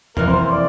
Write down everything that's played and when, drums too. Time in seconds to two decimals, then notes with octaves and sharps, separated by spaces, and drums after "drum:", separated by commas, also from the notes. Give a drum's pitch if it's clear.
0.17 F2 E3 A#3 A#4, drum: tom
0.28 C5
0.39 C5
0.50 D5